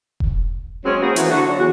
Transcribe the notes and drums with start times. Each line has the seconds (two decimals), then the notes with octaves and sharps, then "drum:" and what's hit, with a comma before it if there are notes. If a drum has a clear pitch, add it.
0.20 drum: kick E1
0.85 F#3 G#3 C4 C#4
1.01 A#3 E4 F#4 G#4 C5
1.16 E3 F#3 A3 B3 F4 F#4, drum: hi-hat
1.30 D3 F#4
1.47 D3 F#3 D4
1.58 E2 F#4